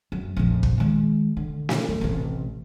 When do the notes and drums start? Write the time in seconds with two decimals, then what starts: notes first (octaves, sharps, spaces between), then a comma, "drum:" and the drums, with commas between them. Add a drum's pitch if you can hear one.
0.12 F#2
0.37 A#1 F2
0.63 drum: kick
0.78 D#3 G#3
1.37 D3
1.69 drum: snare
1.88 F#2
2.01 A1 C3